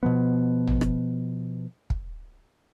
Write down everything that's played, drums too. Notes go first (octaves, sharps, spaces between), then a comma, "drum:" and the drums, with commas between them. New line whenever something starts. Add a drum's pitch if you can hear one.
B2 F3 B3
drum: tom
drum: rim click
drum: kick